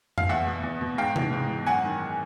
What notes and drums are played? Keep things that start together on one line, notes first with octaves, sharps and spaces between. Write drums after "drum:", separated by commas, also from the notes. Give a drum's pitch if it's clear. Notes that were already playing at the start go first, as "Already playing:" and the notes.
F5, drum: tom F2
E2 E5 F#5
B2
E2
B2
G#2 F5 G5
E3, drum: tom C3
G#2
E3
F#2 F#5 G#5
D#3